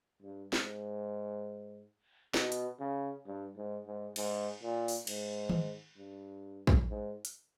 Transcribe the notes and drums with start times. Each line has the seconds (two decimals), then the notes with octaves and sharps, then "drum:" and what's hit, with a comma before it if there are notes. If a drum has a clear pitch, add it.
0.22 G2
0.53 G#2, drum: snare
2.34 B2, drum: snare
2.52 drum: hi-hat
2.80 C#3
3.26 G2
3.57 G#2
3.86 G#2
4.16 G#2, drum: cymbal
4.62 A#2
4.88 drum: open hi-hat
5.07 G#2, drum: cymbal
5.49 drum: tom D#3
5.98 G2
6.67 drum: kick
6.90 G#2
7.25 drum: hi-hat